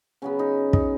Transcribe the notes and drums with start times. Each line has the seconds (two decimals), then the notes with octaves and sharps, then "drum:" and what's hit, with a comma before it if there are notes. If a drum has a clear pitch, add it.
0.22 C#3 F#3 B3 C#4
0.39 D#4
0.73 D#4, drum: kick